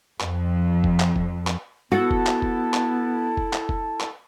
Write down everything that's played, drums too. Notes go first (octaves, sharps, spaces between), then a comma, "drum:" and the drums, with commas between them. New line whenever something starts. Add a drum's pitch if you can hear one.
F2, drum: clap
drum: kick F1
drum: clap
drum: kick F1
drum: clap
B3 E4 F#4 A4
drum: kick F1
drum: clap
drum: kick F1
drum: clap
drum: kick F1
drum: clap
drum: kick F1
drum: clap